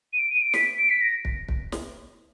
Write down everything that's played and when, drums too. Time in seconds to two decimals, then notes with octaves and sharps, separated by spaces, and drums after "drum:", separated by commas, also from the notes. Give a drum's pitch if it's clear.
0.13 D#7
0.18 D7
0.30 D#7
0.41 D7
0.53 B6, drum: snare
0.78 D7
0.89 B6
1.01 A#6
1.25 drum: kick
1.49 drum: kick
1.72 drum: snare